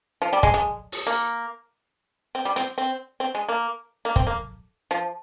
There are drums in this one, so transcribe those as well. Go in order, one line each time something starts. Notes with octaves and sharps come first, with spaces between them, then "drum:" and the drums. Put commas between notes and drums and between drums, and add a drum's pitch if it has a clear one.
F3
G3
G#3, drum: kick
G#3
drum: open hi-hat
A#3
C4
G3
C4, drum: hi-hat
C4
C4
G#3
A#3
A#3
C4, drum: kick
A#3
F3